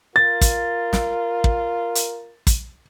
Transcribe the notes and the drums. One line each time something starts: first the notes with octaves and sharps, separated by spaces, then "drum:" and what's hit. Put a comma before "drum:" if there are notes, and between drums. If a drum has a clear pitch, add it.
F4 A#4 A6
drum: kick, hi-hat
drum: snare
drum: kick
drum: hi-hat
drum: kick, hi-hat